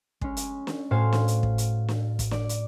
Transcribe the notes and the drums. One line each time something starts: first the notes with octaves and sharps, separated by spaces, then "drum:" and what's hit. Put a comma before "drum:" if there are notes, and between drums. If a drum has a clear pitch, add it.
G#3 C#4, drum: kick
drum: hi-hat
drum: snare
A2 F#4 C5 F5 G#5 C6
drum: snare
drum: hi-hat
drum: kick
drum: hi-hat
drum: snare
drum: kick, hi-hat
D5 D6, drum: snare
drum: hi-hat